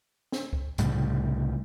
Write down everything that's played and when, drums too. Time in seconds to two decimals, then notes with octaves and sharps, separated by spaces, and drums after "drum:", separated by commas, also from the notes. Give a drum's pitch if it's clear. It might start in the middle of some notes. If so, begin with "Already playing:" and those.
0.32 drum: snare
0.53 drum: kick C#2
0.78 C2 A2 C#3 G3, drum: hi-hat